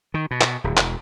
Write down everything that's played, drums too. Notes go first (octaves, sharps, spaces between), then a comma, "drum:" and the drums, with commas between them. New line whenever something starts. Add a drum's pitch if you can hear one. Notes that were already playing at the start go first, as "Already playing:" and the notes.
D#3
B2
drum: clap
D1
E1, drum: clap